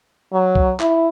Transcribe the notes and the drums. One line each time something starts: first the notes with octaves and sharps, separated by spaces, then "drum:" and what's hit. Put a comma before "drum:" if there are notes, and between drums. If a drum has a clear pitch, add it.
F#3
drum: kick C2
E4, drum: clap